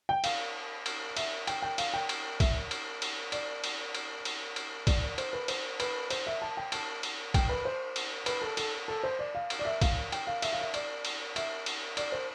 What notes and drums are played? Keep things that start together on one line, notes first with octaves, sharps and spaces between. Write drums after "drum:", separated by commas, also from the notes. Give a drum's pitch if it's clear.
G5
F5, drum: cymbal
drum: cymbal
E5, drum: cymbal
G5, drum: cymbal
G5
F5, drum: cymbal
G5
drum: cymbal
E5, drum: kick, cymbal
drum: cymbal
drum: cymbal
D5, drum: cymbal
drum: cymbal
drum: cymbal
drum: cymbal
drum: cymbal
D5, drum: kick, cymbal
C5, drum: cymbal
B4
C5, drum: cymbal
B4, drum: cymbal
C5, drum: cymbal
E5
A5
G5
A5, drum: cymbal
drum: cymbal
G5, drum: kick, cymbal
B4
C5
drum: cymbal
B4, drum: cymbal
A4
A4, drum: cymbal
A4
C5
D5
F5
drum: cymbal
D5
E5
F5, drum: kick, cymbal
G5, drum: cymbal
F5
E5, drum: cymbal
F5
E5
D5, drum: cymbal
drum: cymbal
E5, drum: cymbal
drum: cymbal
D5, drum: cymbal
C5